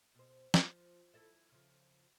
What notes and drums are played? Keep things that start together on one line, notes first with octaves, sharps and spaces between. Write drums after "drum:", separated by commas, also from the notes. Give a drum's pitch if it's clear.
B2 C5
F3, drum: snare
E4 A4 E5
C#3 F3